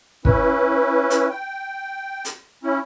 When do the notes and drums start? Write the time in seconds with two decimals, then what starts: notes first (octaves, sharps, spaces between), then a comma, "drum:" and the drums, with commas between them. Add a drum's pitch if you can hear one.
0.25 C#4 E4 B4, drum: kick
1.10 drum: hi-hat
1.30 G5
2.25 drum: hi-hat
2.63 C#4 E4